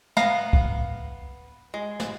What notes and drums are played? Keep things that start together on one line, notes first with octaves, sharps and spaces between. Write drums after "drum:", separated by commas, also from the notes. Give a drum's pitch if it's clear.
B3 F5 A#5, drum: snare
drum: kick
G#3
drum: snare